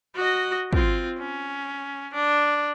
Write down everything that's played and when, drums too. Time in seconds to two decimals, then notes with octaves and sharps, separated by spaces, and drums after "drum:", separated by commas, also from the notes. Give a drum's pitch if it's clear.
0.16 F#4 D#5
0.73 C4 F4, drum: kick
1.19 C#4
2.14 D4